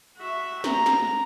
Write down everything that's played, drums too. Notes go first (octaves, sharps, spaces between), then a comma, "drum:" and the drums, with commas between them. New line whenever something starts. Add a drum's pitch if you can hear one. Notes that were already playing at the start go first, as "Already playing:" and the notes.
F#4 E5
A#5, drum: snare
drum: snare